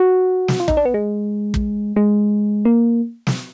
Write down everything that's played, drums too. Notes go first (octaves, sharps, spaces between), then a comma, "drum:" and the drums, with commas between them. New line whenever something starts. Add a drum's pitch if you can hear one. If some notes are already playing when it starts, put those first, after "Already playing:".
Already playing: F#4
drum: snare
F4
D#4, drum: kick
D4
B3
G#3
drum: kick
G#3
A#3
drum: snare